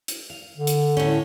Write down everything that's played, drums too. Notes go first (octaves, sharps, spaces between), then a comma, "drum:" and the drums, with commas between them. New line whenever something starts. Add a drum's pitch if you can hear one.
drum: hi-hat
F5
D3
drum: hi-hat
A2 C#4